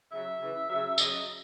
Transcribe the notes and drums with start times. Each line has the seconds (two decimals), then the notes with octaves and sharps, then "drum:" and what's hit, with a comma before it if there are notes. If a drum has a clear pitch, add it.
0.12 C#3 F#3 E5
0.40 C#3 E3
0.69 C#3 F#3 E5
0.98 C#3 F#3 D#5, drum: tambourine